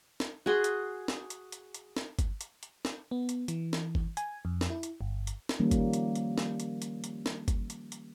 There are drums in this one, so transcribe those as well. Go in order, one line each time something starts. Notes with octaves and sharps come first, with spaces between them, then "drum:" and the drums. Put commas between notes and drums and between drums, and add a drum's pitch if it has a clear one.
drum: snare
F#4 G#4 C6
drum: hi-hat
drum: snare
drum: hi-hat
drum: hi-hat
drum: hi-hat
drum: snare
drum: kick G1, hi-hat
drum: hi-hat
drum: hi-hat
drum: snare
B3
drum: hi-hat
E3, drum: hi-hat
drum: snare
drum: kick G1
G#5, drum: hi-hat
F2
drum: snare
E4
drum: hi-hat
G1
drum: hi-hat
drum: snare
D#3 F3 G3 A#3 C#4
drum: kick G1, hi-hat
drum: hi-hat
drum: hi-hat
drum: snare
drum: hi-hat
drum: hi-hat
drum: hi-hat
drum: snare
drum: kick G1, hi-hat
drum: hi-hat
drum: hi-hat